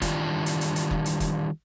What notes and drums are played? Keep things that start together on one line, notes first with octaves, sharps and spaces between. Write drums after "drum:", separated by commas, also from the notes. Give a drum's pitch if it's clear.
D#3 E3 G3 D4 F4, drum: kick, hi-hat
drum: hi-hat
drum: hi-hat
drum: hi-hat
drum: kick
drum: hi-hat
drum: kick, hi-hat